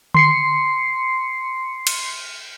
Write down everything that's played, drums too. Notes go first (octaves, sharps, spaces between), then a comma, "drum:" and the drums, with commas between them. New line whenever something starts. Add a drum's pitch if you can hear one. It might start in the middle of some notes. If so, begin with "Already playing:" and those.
C6 C7 C#7, drum: tom D3
drum: cymbal